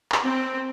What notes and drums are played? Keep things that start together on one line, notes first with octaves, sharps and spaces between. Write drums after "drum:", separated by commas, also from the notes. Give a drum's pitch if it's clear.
drum: clap
C4